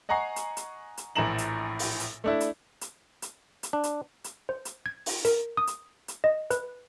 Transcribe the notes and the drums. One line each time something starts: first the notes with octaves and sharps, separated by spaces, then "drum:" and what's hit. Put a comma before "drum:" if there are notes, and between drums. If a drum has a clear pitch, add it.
D#5 F#5 G#5 A#5 C#6 C7
drum: hi-hat
drum: hi-hat
drum: hi-hat
A#1 A2 E3 A#5 E7 F#7
drum: hi-hat
drum: open hi-hat
drum: hi-hat
A3 D4 E4
drum: hi-hat
drum: hi-hat
drum: hi-hat
drum: hi-hat
D4
drum: hi-hat
drum: hi-hat
C5
drum: hi-hat
G#6
drum: open hi-hat
A#4, drum: hi-hat
D#6
drum: hi-hat
drum: hi-hat
D#5
B4, drum: hi-hat